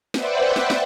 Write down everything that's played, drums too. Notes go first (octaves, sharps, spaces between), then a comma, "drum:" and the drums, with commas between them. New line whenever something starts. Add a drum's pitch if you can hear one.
B4 C5 D5 E5 F#5 G5, drum: snare
drum: snare
drum: snare